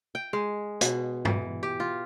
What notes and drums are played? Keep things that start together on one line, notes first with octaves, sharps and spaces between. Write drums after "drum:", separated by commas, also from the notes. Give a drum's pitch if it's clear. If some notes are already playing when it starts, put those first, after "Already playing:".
G5
G#3
B2, drum: hi-hat
E3, drum: tom G#2
G4
F4